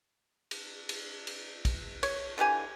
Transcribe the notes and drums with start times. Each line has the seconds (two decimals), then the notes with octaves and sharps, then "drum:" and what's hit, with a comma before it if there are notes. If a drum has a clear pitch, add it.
0.51 drum: cymbal
0.89 drum: cymbal
1.27 drum: cymbal
1.65 drum: kick, cymbal
2.03 C#5, drum: cymbal
2.38 D3 E3 G4 G#5